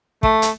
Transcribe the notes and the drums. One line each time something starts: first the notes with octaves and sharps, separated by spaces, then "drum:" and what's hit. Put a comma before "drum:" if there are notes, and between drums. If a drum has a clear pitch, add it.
A3, drum: kick
drum: hi-hat